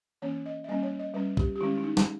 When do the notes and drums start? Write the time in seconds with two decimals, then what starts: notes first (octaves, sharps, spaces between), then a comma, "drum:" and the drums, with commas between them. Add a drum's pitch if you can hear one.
0.22 E3 A#3 C#4 C#5
0.46 D#5
0.64 E5
0.68 G3 A#3 C#4 D#5
0.83 C#5
0.99 D#5
1.14 G3 C#4 B4
1.37 G4, drum: kick
1.56 G4
1.60 D#3 G#3 C#4 E4
1.78 E4
1.84 D#4
1.97 drum: snare